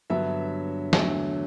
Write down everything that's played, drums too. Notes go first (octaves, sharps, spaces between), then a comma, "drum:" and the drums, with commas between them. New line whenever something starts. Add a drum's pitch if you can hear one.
G2 D3 F#3 B3 E5
E2 D3 F#3 A3, drum: snare